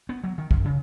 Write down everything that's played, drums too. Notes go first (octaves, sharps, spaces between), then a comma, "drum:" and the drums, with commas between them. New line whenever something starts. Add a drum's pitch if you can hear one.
B3
F#3
D#3
F#2, drum: kick
C#3